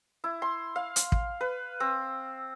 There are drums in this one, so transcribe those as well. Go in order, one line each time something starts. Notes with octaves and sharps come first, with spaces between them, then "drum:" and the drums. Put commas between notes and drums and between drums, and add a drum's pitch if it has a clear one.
E4
C6
F5
drum: hi-hat
drum: kick
B4
C4